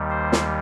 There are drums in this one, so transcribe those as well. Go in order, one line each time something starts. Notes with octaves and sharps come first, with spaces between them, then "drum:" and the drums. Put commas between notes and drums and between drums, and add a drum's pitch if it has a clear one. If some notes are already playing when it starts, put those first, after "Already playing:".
Already playing: D#2 D#3 G3
C5
drum: snare